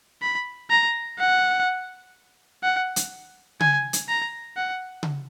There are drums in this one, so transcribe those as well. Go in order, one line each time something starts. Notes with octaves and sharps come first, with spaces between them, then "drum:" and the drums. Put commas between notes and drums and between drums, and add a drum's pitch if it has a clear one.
B5
A#5
F#5
F#5
drum: hi-hat
G#5, drum: tom C#3
drum: hi-hat
A#5
F#5
drum: tom C#3